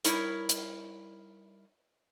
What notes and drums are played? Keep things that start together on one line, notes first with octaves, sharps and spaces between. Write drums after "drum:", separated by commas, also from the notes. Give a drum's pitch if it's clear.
G3 D#4 E4 A#4 C#5, drum: hi-hat
drum: hi-hat